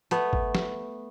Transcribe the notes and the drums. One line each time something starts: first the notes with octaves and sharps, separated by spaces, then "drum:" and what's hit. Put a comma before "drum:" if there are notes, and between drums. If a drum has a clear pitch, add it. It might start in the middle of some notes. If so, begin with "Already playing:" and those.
A3 B3, drum: hi-hat
drum: kick G#1
drum: snare